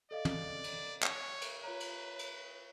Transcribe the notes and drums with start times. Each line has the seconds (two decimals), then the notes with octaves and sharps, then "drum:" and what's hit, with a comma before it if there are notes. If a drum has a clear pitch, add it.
0.11 A4 D5 D#5 F5
0.25 drum: tom
0.64 drum: cymbal
1.03 C#5, drum: clap
1.41 drum: cymbal
1.63 F4 B4 C#5 A#5
1.80 drum: cymbal
2.19 drum: cymbal